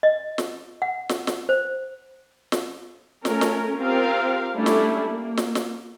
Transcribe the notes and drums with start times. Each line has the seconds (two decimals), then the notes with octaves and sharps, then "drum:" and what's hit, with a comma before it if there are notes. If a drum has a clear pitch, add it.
0.03 D#5
0.38 drum: snare
0.82 F#5
1.09 drum: snare
1.27 drum: snare
1.49 C5
2.52 drum: snare
3.25 A3 C#4 A#4, drum: snare
3.41 drum: snare
3.77 C4 F4 G4 A#4 F5
4.55 G3 A3 C#4 D4 E4 A4
4.66 drum: snare
5.09 A#3
5.37 drum: snare
5.55 drum: snare